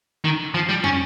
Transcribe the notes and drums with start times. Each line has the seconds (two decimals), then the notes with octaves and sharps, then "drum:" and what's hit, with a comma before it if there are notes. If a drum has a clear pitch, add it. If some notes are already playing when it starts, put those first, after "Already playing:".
0.24 D#3
0.54 F3
0.69 G3
0.84 C#4, drum: tom